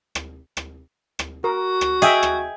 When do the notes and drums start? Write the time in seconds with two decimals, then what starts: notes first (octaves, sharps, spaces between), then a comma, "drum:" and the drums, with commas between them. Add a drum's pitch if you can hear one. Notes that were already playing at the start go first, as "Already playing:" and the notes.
0.15 drum: rim click
0.57 drum: rim click
1.19 drum: rim click
1.44 F#4 A#4
1.81 drum: rim click
2.02 G#4 D#5 E5 G5
2.23 drum: rim click